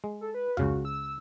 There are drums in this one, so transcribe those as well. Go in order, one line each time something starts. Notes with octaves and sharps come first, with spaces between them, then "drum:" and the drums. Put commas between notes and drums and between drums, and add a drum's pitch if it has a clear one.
G#3
A4
B4
C#2 C#3 F#4 F5, drum: tom F2
E6